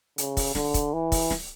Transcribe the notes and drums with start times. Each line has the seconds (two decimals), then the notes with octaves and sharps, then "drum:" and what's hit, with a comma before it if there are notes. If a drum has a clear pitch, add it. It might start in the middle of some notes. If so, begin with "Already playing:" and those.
0.18 C#3, drum: hi-hat
0.37 drum: kick, open hi-hat
0.55 D3, drum: snare
0.74 drum: kick, hi-hat
0.93 E3
1.12 drum: kick, open hi-hat
1.30 drum: snare